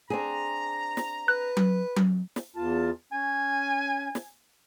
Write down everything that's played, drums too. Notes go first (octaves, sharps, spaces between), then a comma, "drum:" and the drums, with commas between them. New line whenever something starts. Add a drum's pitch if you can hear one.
C4 D4 G#4 A#5
drum: snare
B4 F#6
drum: tom F#3
drum: tom F#3
drum: snare
E2 F4 A5
C#4 G#5
drum: snare